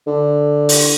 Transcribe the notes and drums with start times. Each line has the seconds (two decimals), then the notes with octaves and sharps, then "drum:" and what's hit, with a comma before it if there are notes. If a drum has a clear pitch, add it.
0.07 D3
0.69 drum: open hi-hat